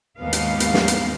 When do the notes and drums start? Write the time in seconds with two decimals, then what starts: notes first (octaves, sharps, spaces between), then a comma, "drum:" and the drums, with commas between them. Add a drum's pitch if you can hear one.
0.19 D#2 G#2 B3 F5
0.33 drum: hi-hat
0.60 drum: hi-hat
0.74 drum: snare
0.88 drum: hi-hat